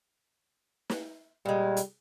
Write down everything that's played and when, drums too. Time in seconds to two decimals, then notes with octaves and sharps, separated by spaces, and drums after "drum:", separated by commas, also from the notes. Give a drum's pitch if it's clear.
0.90 drum: snare
1.46 A#2 G3 G#3
1.77 drum: hi-hat